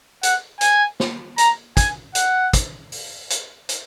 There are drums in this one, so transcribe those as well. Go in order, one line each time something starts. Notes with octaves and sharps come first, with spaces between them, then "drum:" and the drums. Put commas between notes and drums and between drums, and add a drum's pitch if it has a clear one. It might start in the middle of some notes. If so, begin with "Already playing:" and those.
F#5, drum: hi-hat
G#5, drum: hi-hat
drum: snare
A#5, drum: hi-hat
G#5, drum: kick, hi-hat
F#5, drum: hi-hat
drum: kick, hi-hat
drum: open hi-hat
drum: hi-hat
drum: hi-hat